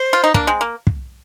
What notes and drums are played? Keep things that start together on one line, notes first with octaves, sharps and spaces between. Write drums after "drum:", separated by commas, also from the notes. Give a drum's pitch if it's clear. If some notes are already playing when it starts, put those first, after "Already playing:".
Already playing: C5
F4
D#4
A#3 D4, drum: kick
G#3 C4
A#3
drum: kick